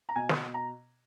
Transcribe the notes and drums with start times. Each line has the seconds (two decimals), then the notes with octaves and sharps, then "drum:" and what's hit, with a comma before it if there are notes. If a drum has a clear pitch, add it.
0.09 A#5
0.16 B2 G#5
0.29 drum: snare
0.54 A#5